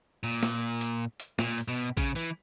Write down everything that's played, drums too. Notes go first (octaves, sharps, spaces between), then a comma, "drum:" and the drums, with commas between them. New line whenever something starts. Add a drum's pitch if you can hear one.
A#2
drum: snare
drum: hi-hat
drum: hi-hat
A#2, drum: snare
drum: hi-hat
B2
C#3, drum: kick A#1, hi-hat
E3